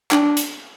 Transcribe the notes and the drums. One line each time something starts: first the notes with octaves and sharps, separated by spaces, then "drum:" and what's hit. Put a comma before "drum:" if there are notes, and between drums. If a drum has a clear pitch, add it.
D4, drum: clap
drum: hi-hat